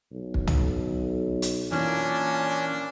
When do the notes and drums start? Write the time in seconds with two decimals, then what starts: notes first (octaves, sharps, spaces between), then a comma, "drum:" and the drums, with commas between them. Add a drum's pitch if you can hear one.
0.12 B1
0.34 drum: kick
0.47 drum: tom
1.42 drum: hi-hat
1.71 A#2 E3 A#3 C#4 D4